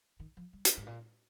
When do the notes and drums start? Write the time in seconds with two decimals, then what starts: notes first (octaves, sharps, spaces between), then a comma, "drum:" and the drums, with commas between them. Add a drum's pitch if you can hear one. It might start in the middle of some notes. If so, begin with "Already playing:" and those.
0.20 D#3
0.37 F3
0.53 G3
0.65 drum: hi-hat
0.77 G#2
0.86 A#2